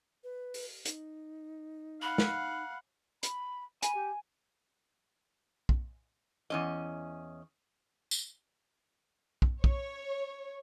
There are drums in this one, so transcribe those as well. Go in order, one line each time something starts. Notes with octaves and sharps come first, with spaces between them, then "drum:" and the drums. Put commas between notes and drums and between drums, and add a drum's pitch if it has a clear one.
B4
drum: open hi-hat
D#4, drum: hi-hat
F5 F#5 B5
drum: snare
B5, drum: hi-hat
G#5 B5, drum: hi-hat
G4
drum: kick
E2 C#4 D#5
drum: tambourine
drum: kick
C#5, drum: kick